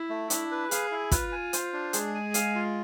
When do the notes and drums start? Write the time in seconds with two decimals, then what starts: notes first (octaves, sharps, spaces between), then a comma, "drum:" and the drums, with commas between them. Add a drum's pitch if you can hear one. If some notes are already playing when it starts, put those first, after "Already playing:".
Already playing: E4
0.10 A3
0.30 D4 E4, drum: hi-hat
0.51 B4
0.71 G#4 F5, drum: hi-hat
0.91 E4
1.11 F4 B4, drum: kick, hi-hat
1.32 G#5
1.53 C5, drum: hi-hat
1.73 D4
1.93 G#3 G#4, drum: hi-hat
2.15 G#5
2.34 F5, drum: hi-hat
2.55 F4